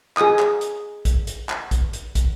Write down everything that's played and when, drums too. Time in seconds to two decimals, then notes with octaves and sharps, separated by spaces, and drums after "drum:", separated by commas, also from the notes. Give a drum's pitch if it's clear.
0.17 G#4 D#6, drum: clap
0.39 drum: clap
0.61 drum: hi-hat
1.05 drum: kick, hi-hat
1.27 drum: hi-hat
1.49 drum: clap
1.71 drum: kick, hi-hat
1.93 drum: hi-hat
2.15 drum: kick, hi-hat